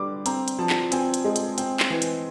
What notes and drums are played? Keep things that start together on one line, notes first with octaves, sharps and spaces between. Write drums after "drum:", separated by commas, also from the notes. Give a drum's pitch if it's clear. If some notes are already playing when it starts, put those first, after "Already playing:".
Already playing: D3 G3 D4 D6
C4 A#5, drum: hi-hat
drum: hi-hat
F3 A5
drum: clap
C4 G#5, drum: hi-hat
drum: hi-hat
G#3
drum: hi-hat
C4, drum: hi-hat
drum: clap
E3
drum: hi-hat